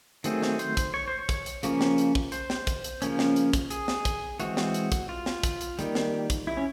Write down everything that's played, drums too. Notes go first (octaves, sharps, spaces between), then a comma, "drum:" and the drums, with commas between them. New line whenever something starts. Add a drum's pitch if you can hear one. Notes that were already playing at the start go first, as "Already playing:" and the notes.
D#3 F#3 A3 C4 G#4, drum: hi-hat
drum: snare
C5, drum: hi-hat
drum: kick, hi-hat
C#5
C5
C#5
drum: kick, hi-hat
drum: hi-hat
C#3 F3 A#3 C#4, drum: hi-hat
drum: snare
drum: hi-hat
drum: kick
C5, drum: hi-hat
drum: snare
drum: kick, hi-hat
drum: hi-hat
C#3 F3 A#3 C#4, drum: hi-hat
drum: snare
drum: hi-hat
drum: kick, hi-hat
G#4, drum: hi-hat
drum: snare
drum: kick, hi-hat
E3 G#3 C4 F#4, drum: hi-hat
drum: snare
drum: hi-hat
drum: kick, hi-hat
F4
drum: snare
drum: kick, hi-hat
drum: hi-hat
D#3 G3 A#3, drum: hi-hat
drum: snare
drum: kick, hi-hat
E4
C#4